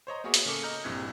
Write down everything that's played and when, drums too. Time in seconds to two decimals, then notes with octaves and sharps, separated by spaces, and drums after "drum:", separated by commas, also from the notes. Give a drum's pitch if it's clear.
0.07 C5 C#5 D#5 A#5
0.24 A#3 B3 F#4 G#4 C#5 E5
0.34 drum: hi-hat
0.45 C#3 A#3 A4 D6 C#7
0.63 D#5 A#5 F6 G6
0.84 A#1 G2 C3 E3 F#6 G#6